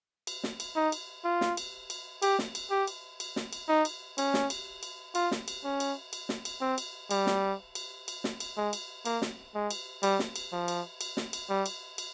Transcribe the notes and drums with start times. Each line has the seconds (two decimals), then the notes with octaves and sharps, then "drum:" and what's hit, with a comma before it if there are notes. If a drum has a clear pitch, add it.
0.27 drum: cymbal
0.44 drum: snare
0.60 drum: cymbal
0.76 D#4
0.92 drum: cymbal
1.25 F4
1.41 drum: snare
1.57 drum: cymbal
1.90 drum: cymbal
2.22 G4, drum: cymbal
2.39 drum: snare
2.55 drum: cymbal
2.71 G4
2.87 drum: cymbal
3.20 drum: cymbal
3.36 drum: snare
3.53 drum: cymbal
3.69 D#4
3.85 drum: cymbal
4.18 C#4, drum: cymbal
4.34 drum: snare
4.50 drum: cymbal
4.83 drum: cymbal
5.15 F4, drum: cymbal
5.31 drum: snare
5.48 drum: cymbal
5.65 C#4
5.80 drum: cymbal
6.13 drum: cymbal
6.29 drum: snare
6.45 drum: cymbal
6.61 C4
6.78 drum: cymbal
7.11 G3, drum: cymbal
7.27 drum: snare
7.75 drum: cymbal
8.08 drum: cymbal
8.24 drum: snare
8.40 drum: cymbal
8.57 G#3
8.73 drum: cymbal
9.05 A#3, drum: cymbal
9.22 drum: snare
9.55 G#3
9.71 drum: cymbal
10.03 G3, drum: cymbal
10.19 drum: snare
10.36 drum: cymbal
10.52 F3
10.68 drum: cymbal
11.01 drum: cymbal
11.17 drum: snare
11.33 drum: cymbal
11.49 G3
11.66 drum: cymbal
11.98 drum: cymbal